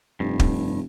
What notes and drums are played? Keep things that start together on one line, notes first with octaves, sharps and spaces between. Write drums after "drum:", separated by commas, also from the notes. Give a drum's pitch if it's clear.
F1 G2
drum: kick